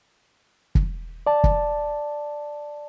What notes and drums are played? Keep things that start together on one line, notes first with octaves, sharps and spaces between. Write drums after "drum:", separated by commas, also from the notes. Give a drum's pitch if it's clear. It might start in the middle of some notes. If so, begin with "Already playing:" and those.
drum: kick
D5 A5
drum: kick